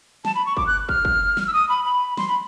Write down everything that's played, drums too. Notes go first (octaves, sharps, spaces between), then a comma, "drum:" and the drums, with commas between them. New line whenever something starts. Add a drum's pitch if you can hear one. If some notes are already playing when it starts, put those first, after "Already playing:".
A5, drum: snare
B5
C#6
D6, drum: kick
F#6
F6, drum: kick
drum: kick
drum: snare
E6
D#6
B5
B5
C6, drum: snare
B5